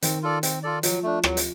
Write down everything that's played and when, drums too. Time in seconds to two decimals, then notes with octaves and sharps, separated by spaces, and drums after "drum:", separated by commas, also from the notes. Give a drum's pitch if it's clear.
0.02 D#3 C4, drum: hi-hat
0.23 F4 A4 D5
0.43 C4, drum: hi-hat
0.63 F4 A4 D5
0.83 F3 F#3, drum: hi-hat
1.03 A3 D4
1.23 F#3, drum: rim click
1.37 drum: hi-hat